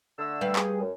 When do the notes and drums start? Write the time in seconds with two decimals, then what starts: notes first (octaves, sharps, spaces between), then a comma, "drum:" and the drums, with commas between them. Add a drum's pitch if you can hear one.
0.18 D3 A3 E6
0.41 G3 B4 F5
0.56 G#4, drum: clap
0.80 F#2